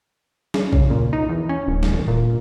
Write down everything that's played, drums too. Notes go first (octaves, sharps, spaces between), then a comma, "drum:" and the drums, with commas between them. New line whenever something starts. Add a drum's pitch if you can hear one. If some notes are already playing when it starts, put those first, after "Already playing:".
C#3, drum: snare
C#3, drum: kick B1
A#2
D#4
E2
C#4
D1
drum: snare
E1
A#2